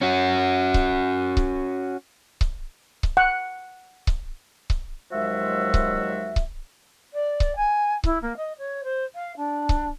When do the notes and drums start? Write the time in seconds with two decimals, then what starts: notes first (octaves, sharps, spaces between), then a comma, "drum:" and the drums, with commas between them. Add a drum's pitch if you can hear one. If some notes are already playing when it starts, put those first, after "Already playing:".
0.01 C#4 F#4
0.74 drum: kick C#1
1.37 drum: kick C#1
2.41 drum: kick C#1
3.03 drum: kick C#1
3.17 F#5
4.07 drum: kick C#1
4.70 drum: kick C#1
5.11 D#2 F3 F#3 G#3 F#4 E5
5.74 drum: kick C#1
6.36 drum: kick C#1
7.13 D5
7.40 drum: kick C#1
7.56 G#5
8.04 E4, drum: kick C#1
8.22 A#3
8.36 D#5
8.58 C#5
8.83 C5
9.15 F5
9.36 D4
9.69 drum: kick C#1